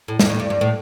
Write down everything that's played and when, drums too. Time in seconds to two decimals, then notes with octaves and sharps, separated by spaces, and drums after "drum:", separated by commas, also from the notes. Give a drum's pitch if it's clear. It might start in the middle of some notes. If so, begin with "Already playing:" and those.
0.08 A2
0.19 G2, drum: snare
0.29 A2
0.40 G2
0.50 G2
0.61 A2